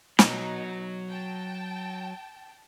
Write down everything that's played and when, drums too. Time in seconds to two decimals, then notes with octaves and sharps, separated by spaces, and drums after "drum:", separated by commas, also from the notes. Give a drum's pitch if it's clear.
0.19 B2 F#3 D#4, drum: snare
1.09 G5 A5